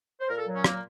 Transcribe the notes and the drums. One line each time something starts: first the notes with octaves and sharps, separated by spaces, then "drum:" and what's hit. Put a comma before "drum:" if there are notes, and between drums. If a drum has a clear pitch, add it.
C5
A#2 A#4
A4
F#3
C#4
A#2 A#3, drum: rim click